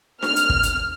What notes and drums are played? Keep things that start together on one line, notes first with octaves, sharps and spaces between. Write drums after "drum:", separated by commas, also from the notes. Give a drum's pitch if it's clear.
F6, drum: snare D4
drum: hi-hat
drum: kick
drum: hi-hat